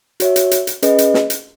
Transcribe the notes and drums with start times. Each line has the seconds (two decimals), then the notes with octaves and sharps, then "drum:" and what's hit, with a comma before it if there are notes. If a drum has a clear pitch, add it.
0.20 F#4 C#5 E5, drum: hi-hat
0.36 drum: hi-hat
0.51 drum: hi-hat
0.67 drum: hi-hat
0.82 C#4 G#4 B4 D#5, drum: hi-hat
0.98 drum: hi-hat
1.14 drum: snare
1.30 drum: hi-hat